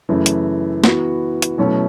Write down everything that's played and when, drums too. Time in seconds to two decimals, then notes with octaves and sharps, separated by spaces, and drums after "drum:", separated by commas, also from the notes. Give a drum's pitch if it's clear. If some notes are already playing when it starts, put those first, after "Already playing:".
0.09 F#2 C#3 E3 A3
0.26 drum: hi-hat
0.84 E3 B3 F#4, drum: snare
1.42 drum: hi-hat
1.58 B2 F#3 A3 C#4 E4